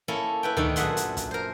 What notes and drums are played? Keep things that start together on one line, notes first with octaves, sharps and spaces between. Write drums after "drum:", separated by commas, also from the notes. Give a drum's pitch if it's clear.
A#3 C#4 E4 A4
E4 B4 G5
D#3 A3 D4 D#4 A4, drum: tom C#2
F#2 A#2 G#4 E5 F#5 C6, drum: hi-hat
drum: hi-hat
drum: kick, hi-hat
A#4 C5